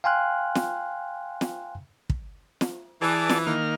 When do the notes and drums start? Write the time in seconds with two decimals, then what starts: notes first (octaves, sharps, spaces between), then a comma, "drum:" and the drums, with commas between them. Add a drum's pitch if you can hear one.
0.04 F5 G5 G#5 C6 F6 F#6
0.55 drum: snare
1.41 drum: snare
2.10 drum: kick
2.61 drum: snare
3.02 E3 G#4 D5 A5
3.29 drum: snare
3.47 D#3 A#3 F6